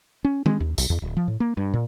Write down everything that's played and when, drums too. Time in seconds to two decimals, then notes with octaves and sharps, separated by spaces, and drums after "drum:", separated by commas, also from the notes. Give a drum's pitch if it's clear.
0.25 C#4
0.46 G#3, drum: tom D#3
0.60 D#2
0.78 B1, drum: tambourine
0.90 E2
1.02 D1
1.17 F3
1.28 A2
1.40 A#3
1.57 G2
1.74 A#2